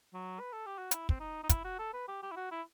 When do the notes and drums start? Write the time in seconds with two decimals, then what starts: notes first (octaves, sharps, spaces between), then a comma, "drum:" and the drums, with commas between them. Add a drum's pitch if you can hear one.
0.13 F#3
0.40 B4
0.52 A4
0.66 G4
0.78 F#4
0.91 E4, drum: hi-hat
1.09 C4, drum: kick
1.20 D#4
1.43 D#4
1.49 E4, drum: kick, hi-hat
1.64 F#4
1.79 A4
1.93 B4
2.08 G4
2.22 G4
2.31 E4
2.36 F#4
2.51 E4